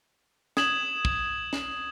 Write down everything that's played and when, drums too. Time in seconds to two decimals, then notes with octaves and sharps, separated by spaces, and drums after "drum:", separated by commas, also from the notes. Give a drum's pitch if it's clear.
0.57 D#6 G#6 E7 F#7, drum: snare
1.05 drum: kick
1.53 drum: snare